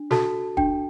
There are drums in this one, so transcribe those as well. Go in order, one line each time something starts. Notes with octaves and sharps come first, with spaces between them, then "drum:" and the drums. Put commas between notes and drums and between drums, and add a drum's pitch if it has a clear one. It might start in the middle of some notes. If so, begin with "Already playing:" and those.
Already playing: D4
F#4 A4 A5, drum: snare
D4 G5, drum: kick